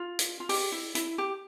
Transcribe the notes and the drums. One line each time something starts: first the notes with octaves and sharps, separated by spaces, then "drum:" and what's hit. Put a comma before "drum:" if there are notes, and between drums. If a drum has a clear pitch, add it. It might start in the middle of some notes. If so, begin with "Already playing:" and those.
Already playing: F4
drum: hi-hat
F4
G4, drum: open hi-hat
E4
E4, drum: hi-hat
G4